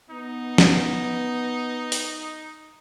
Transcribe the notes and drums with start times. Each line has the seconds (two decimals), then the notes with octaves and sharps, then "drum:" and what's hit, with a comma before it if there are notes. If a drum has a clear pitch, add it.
0.10 B3 D#4
0.58 drum: snare
1.92 drum: open hi-hat